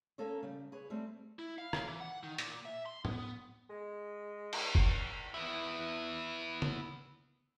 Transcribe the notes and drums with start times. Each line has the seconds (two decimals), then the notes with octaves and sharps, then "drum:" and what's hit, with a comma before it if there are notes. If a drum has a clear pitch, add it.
0.18 A#3 C#4 A4 A#4 C#5
0.43 C#3 G3
0.72 G#4 B4 C#5
0.90 G3 A3 C4
1.39 E4
1.58 F5
1.73 drum: rim click
1.87 E3
2.00 F#5
2.23 D#3
2.38 A#2, drum: hi-hat
2.65 E5
2.86 C6
3.05 B3, drum: tom
3.70 G#3
4.53 drum: cymbal
4.75 drum: kick
5.34 B3 E4
6.62 drum: tom